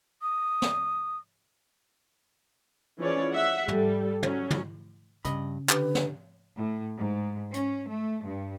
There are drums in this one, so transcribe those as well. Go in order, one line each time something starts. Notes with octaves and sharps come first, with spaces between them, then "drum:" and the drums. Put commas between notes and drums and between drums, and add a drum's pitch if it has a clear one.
D#6
drum: snare
E3 F3 C#4 G#4 C#5 D5
E5 F#5
G3 A4, drum: tom
F#3 C#4, drum: tom
drum: tom
G2 C#3 D#5 B5, drum: hi-hat
D3 G4 B4, drum: clap
drum: snare
A2
G#2
C#4, drum: hi-hat
A3
G2